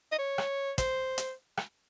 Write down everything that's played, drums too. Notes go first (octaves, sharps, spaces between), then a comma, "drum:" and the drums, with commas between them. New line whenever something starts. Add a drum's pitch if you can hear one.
D#5
C#5
drum: rim click
C5, drum: kick, hi-hat
drum: hi-hat
drum: rim click